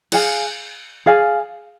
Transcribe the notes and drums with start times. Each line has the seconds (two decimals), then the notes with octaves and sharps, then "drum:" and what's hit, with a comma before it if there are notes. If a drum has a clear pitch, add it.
0.12 G#4 D5 F5 G#5, drum: cymbal
1.06 G#4 D5 F5 G#5